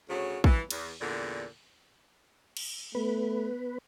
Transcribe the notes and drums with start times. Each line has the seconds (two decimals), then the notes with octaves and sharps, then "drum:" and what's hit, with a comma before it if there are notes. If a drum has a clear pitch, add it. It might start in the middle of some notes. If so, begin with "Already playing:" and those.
0.09 D2 C#3 F#3
0.44 E3, drum: kick
0.70 E2, drum: cymbal
1.00 E2 A#2 D3
2.57 drum: cymbal
2.95 A3 B3 B4